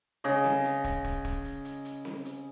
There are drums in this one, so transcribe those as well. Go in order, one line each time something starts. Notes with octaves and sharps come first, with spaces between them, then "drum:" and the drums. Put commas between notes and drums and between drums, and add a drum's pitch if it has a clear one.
C#3 D#5, drum: hi-hat
drum: snare C4
drum: hi-hat
drum: kick, hi-hat
drum: kick, hi-hat
drum: kick, hi-hat
drum: hi-hat
drum: hi-hat
drum: hi-hat
drum: snare C4
drum: hi-hat